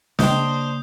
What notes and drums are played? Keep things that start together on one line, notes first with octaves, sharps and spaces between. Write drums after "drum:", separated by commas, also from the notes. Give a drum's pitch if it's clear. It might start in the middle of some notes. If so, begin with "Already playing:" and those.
C#3 A#3 D4 C5 D#5 G5 D#6 G6, drum: snare